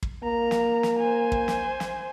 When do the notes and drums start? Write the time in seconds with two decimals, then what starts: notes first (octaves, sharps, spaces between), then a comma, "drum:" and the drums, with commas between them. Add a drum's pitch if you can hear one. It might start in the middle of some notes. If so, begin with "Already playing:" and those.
0.03 drum: kick
0.24 A#3 A#5
0.51 drum: snare
0.83 drum: snare
0.99 C5 G#5
1.32 drum: kick
1.48 drum: snare
1.80 drum: snare